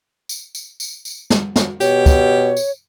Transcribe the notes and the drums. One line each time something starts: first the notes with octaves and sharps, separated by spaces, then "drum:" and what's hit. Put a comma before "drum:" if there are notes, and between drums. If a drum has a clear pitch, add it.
drum: tambourine
drum: tambourine
drum: tambourine
drum: tambourine
drum: snare
drum: snare
B2 G4 C#5, drum: tambourine
drum: kick, tambourine
drum: tambourine